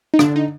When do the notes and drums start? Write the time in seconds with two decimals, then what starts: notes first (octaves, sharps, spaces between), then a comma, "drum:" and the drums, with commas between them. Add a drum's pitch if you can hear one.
0.14 D#4
0.19 D3 D4, drum: rim click
0.36 D#4